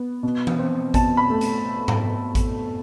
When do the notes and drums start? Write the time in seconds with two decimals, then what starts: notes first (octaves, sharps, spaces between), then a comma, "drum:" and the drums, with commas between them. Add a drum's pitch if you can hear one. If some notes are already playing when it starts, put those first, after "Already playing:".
Already playing: B3
0.23 B2
0.47 drum: tom E3
0.59 C4
0.94 B2 A5, drum: kick A1, hi-hat
1.17 B5
1.30 A3
1.41 drum: hi-hat
1.88 drum: tom G#2
2.35 drum: kick A1, hi-hat